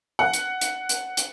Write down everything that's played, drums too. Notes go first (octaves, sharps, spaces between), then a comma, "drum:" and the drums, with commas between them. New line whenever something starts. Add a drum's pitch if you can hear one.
F#5
drum: hi-hat
drum: hi-hat
drum: hi-hat
drum: hi-hat